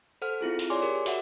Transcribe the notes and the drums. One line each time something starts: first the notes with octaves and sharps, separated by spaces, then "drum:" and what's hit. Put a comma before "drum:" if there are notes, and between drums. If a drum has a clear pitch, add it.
A4 C5 F#5 F6
C4 E4 F4 G#4
drum: open hi-hat
G#4 C#5 D5 G#5 C6 D6
G4 G#4 A#4
F#4 E5 F#5, drum: open hi-hat